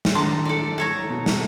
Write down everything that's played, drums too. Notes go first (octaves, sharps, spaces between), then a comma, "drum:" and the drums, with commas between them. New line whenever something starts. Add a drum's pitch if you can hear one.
drum: snare
D#3 D4 A5 A#5 C6
A4 D5
A4 C#5 A#5
B2
drum: snare